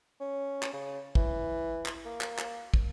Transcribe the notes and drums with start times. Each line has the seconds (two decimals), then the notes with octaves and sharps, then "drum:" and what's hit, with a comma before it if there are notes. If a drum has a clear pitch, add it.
0.20 C#4
0.63 drum: clap
0.73 C#3
1.15 E3, drum: kick
1.86 drum: clap
2.06 A#3
2.21 drum: clap
2.38 drum: clap
2.74 drum: kick